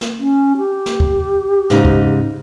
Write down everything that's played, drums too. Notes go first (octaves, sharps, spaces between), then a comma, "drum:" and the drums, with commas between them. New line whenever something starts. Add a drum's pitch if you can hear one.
drum: snare
C#4
G4
drum: snare
drum: kick
G#2 C#3 D#4, drum: snare
drum: kick